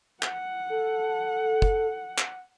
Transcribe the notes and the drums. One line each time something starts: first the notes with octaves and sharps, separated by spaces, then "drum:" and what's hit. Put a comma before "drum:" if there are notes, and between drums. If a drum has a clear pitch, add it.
F#5, drum: clap
A4
drum: kick
drum: clap